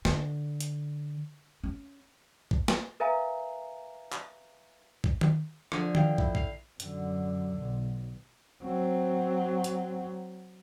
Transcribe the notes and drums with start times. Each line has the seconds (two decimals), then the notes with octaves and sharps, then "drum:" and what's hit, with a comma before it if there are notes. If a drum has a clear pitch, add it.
0.05 D3, drum: snare
0.60 drum: hi-hat
1.64 C#4
2.51 drum: kick
2.68 drum: snare
3.00 A#4 B4 E5 F5 G#5 A#5
4.12 drum: clap
5.04 drum: kick
5.21 drum: tom
5.72 D3 F3 G#5, drum: rim click
5.95 F5 G5, drum: tom
6.18 E4, drum: kick
6.35 F5, drum: kick
6.80 F#2 D3, drum: hi-hat
7.59 B1
8.64 F#3 C4
9.64 drum: hi-hat